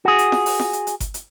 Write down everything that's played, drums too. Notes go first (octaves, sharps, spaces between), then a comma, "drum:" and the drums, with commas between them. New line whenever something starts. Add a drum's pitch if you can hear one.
F#4 G#4
drum: hi-hat
drum: snare F4
drum: open hi-hat
drum: snare F4
drum: hi-hat
drum: hi-hat
drum: kick G1, hi-hat
drum: hi-hat